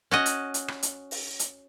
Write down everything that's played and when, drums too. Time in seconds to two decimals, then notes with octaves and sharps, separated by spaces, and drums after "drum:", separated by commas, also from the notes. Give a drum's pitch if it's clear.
0.11 C#4 F#4 D#5
0.26 drum: hi-hat
0.54 drum: hi-hat
0.68 drum: rim click
0.83 drum: hi-hat
1.11 drum: open hi-hat
1.39 drum: hi-hat